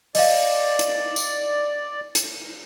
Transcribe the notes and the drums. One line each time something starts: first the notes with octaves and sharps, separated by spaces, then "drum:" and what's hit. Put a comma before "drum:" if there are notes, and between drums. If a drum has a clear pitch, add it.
D5 D#5 F5, drum: open hi-hat
drum: hi-hat
drum: tambourine
drum: hi-hat